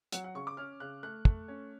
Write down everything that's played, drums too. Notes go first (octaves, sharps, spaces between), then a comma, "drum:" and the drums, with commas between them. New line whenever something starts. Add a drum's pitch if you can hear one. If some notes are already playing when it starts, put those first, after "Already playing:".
F#3 F#5, drum: hi-hat
F#5
C#3 C#6
D6
C#4 F6
C#3 F#6
A3 F#6
A3, drum: kick
C#4